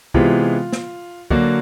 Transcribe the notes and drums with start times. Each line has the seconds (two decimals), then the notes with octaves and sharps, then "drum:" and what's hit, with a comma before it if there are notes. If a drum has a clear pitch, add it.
0.14 C3 E3 G#3 B3 F4, drum: kick
0.72 drum: snare
1.30 D3 F#3 A#3 D4 F#4, drum: kick